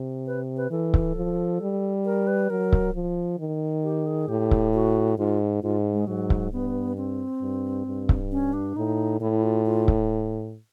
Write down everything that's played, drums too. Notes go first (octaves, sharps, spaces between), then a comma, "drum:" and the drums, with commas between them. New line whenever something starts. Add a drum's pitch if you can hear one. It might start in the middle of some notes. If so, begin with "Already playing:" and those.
Already playing: C3
B4
B4
E3 A4
drum: kick C#1
F3
G3
A#4
B4
F#3 A#4
drum: kick C#1
F3
D#3
G4
G#4
A2 G4
drum: kick C#1
F#4
G#2 F4
G#2 F4
G#3
G#2 F#3
drum: kick C#1
G2 B3
C4
G2
G2
drum: kick C#1
C#4
D4
A2 D#4
A2 E4
F4
F4
drum: kick C#1